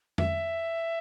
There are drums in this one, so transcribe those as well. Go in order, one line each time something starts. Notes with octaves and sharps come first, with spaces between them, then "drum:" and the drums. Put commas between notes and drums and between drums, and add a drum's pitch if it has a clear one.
E5, drum: tom F2